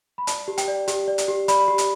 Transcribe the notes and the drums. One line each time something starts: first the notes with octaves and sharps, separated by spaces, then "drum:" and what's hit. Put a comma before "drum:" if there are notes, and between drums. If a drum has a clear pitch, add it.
B5
D5 A5, drum: hi-hat
G4
G5, drum: hi-hat
D5
G4, drum: hi-hat
D5
drum: hi-hat
G4
D5 B5, drum: hi-hat
G4
drum: hi-hat